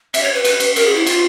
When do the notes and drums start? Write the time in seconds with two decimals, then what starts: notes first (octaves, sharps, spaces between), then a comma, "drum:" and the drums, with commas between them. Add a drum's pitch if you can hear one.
0.14 E5, drum: cymbal
0.23 C#5
0.34 B4
0.44 B4, drum: cymbal
0.60 drum: cymbal
0.76 A#4, drum: cymbal
0.86 G#4
0.96 E4
1.06 F4, drum: cymbal